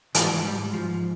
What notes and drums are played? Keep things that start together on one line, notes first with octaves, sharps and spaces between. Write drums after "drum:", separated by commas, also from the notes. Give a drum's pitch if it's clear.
G#2 E3, drum: hi-hat
G3
G#2
F3